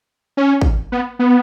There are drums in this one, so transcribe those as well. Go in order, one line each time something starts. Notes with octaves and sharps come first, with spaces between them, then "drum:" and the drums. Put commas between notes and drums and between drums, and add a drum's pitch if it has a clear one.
C#4
drum: kick
B3
B3